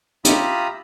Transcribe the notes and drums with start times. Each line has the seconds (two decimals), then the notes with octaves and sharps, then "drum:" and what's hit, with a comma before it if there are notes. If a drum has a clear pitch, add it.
0.25 F4 G4 E5 A#5 B5 D#6, drum: hi-hat